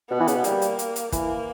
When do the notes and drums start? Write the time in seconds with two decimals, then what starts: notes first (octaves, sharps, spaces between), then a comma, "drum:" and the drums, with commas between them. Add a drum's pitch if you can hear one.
0.10 B2 B3
0.20 E3
0.28 C#3, drum: hi-hat
0.36 B2
0.44 G3 A#3, drum: hi-hat
0.62 drum: hi-hat
0.79 drum: hi-hat
0.96 drum: hi-hat
1.12 E3 A#3, drum: kick, hi-hat